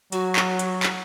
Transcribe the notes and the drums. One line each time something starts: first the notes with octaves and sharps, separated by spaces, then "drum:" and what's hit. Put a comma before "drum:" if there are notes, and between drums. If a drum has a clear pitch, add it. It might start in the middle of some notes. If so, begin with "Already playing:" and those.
F#3 F#4, drum: hi-hat
drum: clap
drum: hi-hat
drum: clap